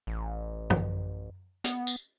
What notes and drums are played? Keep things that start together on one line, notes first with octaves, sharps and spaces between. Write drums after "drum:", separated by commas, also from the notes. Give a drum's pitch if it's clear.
A1
drum: tom F#2
B3, drum: hi-hat
drum: tambourine